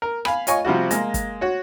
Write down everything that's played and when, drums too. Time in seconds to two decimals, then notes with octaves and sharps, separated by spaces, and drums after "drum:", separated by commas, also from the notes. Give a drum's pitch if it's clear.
0.02 A#4
0.25 F5 G#5 B5, drum: rim click
0.47 F4 C#5 D#5 G#5 C#6, drum: hi-hat
0.65 C3 F3 G3 F#4
0.91 G#3 A#3, drum: hi-hat
1.14 drum: kick, hi-hat
1.41 F#4 C#5